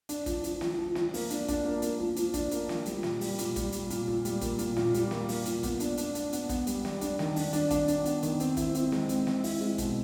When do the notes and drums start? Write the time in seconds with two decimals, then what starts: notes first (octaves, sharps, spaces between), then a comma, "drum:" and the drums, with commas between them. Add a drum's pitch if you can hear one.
0.09 D4, drum: hi-hat
0.26 F3, drum: kick, hi-hat
0.44 F3, drum: hi-hat
0.61 F3, drum: snare
0.79 F3
0.95 F3, drum: snare
1.14 A#3, drum: open hi-hat
1.30 D4, drum: hi-hat
1.48 D4, drum: kick, hi-hat
1.65 A#3
1.82 A#3, drum: hi-hat
2.00 F3
2.17 F3, drum: hi-hat
2.34 D4, drum: kick, hi-hat
2.51 A#3, drum: hi-hat
2.69 F3, drum: snare
2.86 G3, drum: hi-hat
3.03 A#2, drum: snare
3.21 G3, drum: open hi-hat
3.39 A#2, drum: hi-hat
3.56 G3, drum: kick, hi-hat
3.72 G3, drum: hi-hat
3.90 A#2, drum: hi-hat
4.08 A#2
4.25 G3, drum: hi-hat
4.41 A#3, drum: kick, hi-hat
4.59 A#2, drum: hi-hat
4.77 A#2, drum: snare
4.94 G3, drum: hi-hat
5.11 A#3, drum: snare
5.29 A#3, drum: open hi-hat
5.46 A#2, drum: hi-hat
5.63 B3, drum: kick, hi-hat
5.80 D4, drum: hi-hat
5.98 D4, drum: hi-hat
6.15 D4, drum: hi-hat
6.33 B3, drum: hi-hat
6.49 B3, drum: kick, hi-hat
6.67 G3, drum: hi-hat
6.85 G3, drum: snare
7.01 D4, drum: hi-hat
7.19 D#3, drum: snare
7.36 D4, drum: open hi-hat
7.53 D4, drum: hi-hat
7.71 D4, drum: kick, hi-hat
7.88 D4, drum: hi-hat
8.06 B3, drum: hi-hat
8.23 D#3, drum: hi-hat
8.40 C4, drum: hi-hat
8.57 E4, drum: kick, hi-hat
8.75 C4, drum: hi-hat
8.92 G#3, drum: snare
9.09 C4, drum: hi-hat
9.27 C4, drum: snare
9.44 E4, drum: open hi-hat
9.61 G#3
9.78 B2, drum: kick, hi-hat